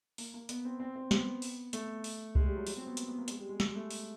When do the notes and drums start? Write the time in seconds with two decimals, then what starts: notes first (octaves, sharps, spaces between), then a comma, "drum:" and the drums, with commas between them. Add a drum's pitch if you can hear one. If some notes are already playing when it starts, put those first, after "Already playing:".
0.18 A#3, drum: open hi-hat
0.34 A#3
0.49 B3, drum: hi-hat
0.65 C4
0.80 C4
0.96 C4
1.11 B3, drum: snare
1.42 drum: open hi-hat
1.73 A3, drum: hi-hat
2.04 drum: open hi-hat
2.35 G#3, drum: kick C2
2.46 G3
2.56 F#3
2.67 F#3, drum: open hi-hat
2.77 C4
2.87 B3
2.97 A#3, drum: hi-hat
3.08 B3
3.18 A#3
3.28 G#3, drum: hi-hat
3.39 G3
3.49 G#3
3.60 G#3, drum: snare
3.76 A3
3.91 drum: open hi-hat